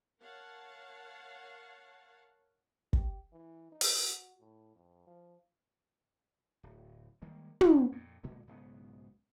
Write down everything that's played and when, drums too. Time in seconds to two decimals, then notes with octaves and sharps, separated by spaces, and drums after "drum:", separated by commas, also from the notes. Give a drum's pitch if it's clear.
0.21 A#4 C#5 F5 F#5 A5
2.93 G4, drum: kick
3.33 E3
3.72 D#4
3.81 drum: open hi-hat
4.05 F#4
4.40 A2
4.76 F2
5.07 F3
6.63 D1
7.22 D#3 G3 G#3 A#3
7.61 F1 B1, drum: tom
7.92 F2 A#2
8.23 A#2 D3 G#3 A#3
8.47 B1 G#2 C#3 B3